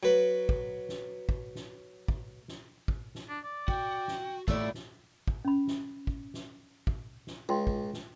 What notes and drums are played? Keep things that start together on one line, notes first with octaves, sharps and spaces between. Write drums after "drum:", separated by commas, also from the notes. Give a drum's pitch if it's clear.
F#3 B4
drum: kick
drum: snare
drum: kick
drum: snare
drum: kick
drum: snare
drum: kick
drum: snare
D4
D5
F#4 G5, drum: kick
drum: snare
A2 A3 F4 A4 D5 E5, drum: kick
drum: snare
drum: kick
C#4 B5
drum: snare
drum: kick
drum: snare
drum: kick
drum: snare
C#2 F4 G5 C6
drum: kick
drum: snare